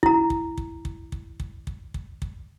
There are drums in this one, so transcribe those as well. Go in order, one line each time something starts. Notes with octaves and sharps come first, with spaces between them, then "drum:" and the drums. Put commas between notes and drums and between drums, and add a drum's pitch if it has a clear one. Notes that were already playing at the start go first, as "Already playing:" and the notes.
E4 A#5, drum: kick
drum: kick
drum: kick
drum: kick
drum: kick
drum: kick
drum: kick
drum: kick
drum: kick